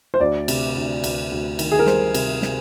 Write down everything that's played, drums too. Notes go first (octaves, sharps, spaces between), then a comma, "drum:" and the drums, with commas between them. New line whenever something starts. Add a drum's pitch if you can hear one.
C5
D2 D5
C3, drum: cymbal
D2
D2, drum: cymbal
D2
D#3, drum: cymbal
G#4
A#4
G3 C5, drum: snare
C3, drum: cymbal
C3, drum: snare